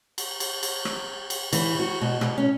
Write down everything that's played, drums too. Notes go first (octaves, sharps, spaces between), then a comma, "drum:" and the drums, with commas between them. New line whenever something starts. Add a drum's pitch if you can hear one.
drum: cymbal
drum: cymbal
drum: cymbal
drum: rim click
drum: cymbal
E3, drum: cymbal
F#4
B2
B2, drum: rim click
C#4